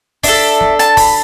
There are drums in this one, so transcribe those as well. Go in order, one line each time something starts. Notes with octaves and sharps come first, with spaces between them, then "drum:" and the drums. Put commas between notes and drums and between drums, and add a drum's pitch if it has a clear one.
D4 A4 E5, drum: kick, open hi-hat
drum: snare
A5, drum: hi-hat
B5, drum: kick, open hi-hat